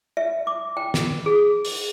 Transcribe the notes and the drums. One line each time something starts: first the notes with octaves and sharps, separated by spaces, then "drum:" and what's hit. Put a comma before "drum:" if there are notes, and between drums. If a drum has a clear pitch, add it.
E5
D6
G5
drum: snare
G#4
drum: open hi-hat